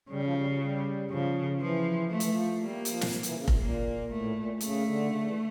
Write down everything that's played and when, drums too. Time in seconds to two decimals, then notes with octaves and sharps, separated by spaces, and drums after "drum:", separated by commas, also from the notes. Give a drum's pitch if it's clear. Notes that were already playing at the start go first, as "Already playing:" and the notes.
0.10 C#3 G3
0.23 F3
0.35 G3
0.52 F3
0.60 G3
1.10 C#3 F3
1.60 E3 F3
2.10 F3 A3
2.20 E3, drum: hi-hat
2.30 F3
2.60 G3 A#3
2.85 F3, drum: hi-hat
3.01 drum: snare
3.23 E3, drum: hi-hat
3.35 C#3
3.48 A#2, drum: kick F1
3.60 A#2 A#3
4.10 A2 A3
4.35 A#2
4.54 A#2
4.61 C#3 A3, drum: hi-hat
4.85 D3
5.08 C#3
5.18 D3
5.27 E3